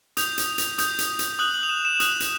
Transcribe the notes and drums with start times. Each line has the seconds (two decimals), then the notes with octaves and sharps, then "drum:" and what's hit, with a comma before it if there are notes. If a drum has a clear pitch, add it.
0.17 D#6 G6 F7, drum: hi-hat
0.38 drum: hi-hat
0.58 drum: hi-hat
0.78 D#6 G6, drum: hi-hat
0.99 drum: hi-hat
1.19 drum: hi-hat
1.39 D#6 F#6 F#7
1.54 F#7
1.63 F7
1.69 E7
1.85 E7
2.00 D#6 F#6, drum: hi-hat
2.20 drum: hi-hat